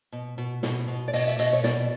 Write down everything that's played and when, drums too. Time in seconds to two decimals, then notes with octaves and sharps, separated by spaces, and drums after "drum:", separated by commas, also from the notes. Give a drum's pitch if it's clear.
0.12 B2
0.38 B2
0.63 B2, drum: snare
0.88 B2
1.08 D5
1.13 B2 D#5, drum: open hi-hat
1.27 E5
1.39 B2 D#5, drum: hi-hat
1.53 C#5
1.64 B2 D5, drum: snare